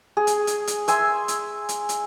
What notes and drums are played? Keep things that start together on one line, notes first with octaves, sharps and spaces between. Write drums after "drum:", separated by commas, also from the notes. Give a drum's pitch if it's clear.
G#4
drum: hi-hat
drum: hi-hat
drum: hi-hat
E5 G#5 C6 E6, drum: hi-hat
drum: hi-hat
drum: hi-hat
drum: hi-hat